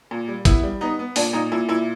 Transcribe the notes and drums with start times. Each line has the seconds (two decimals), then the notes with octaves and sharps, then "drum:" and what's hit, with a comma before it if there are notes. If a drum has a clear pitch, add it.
0.11 A#2
0.28 G3
0.45 B3 E4, drum: kick, hi-hat
0.63 G3
0.81 B3 D#4
0.99 B3
1.16 A#2 D4, drum: open hi-hat
1.33 A#2 D#4
1.52 A#2 E4
1.69 A#2 E4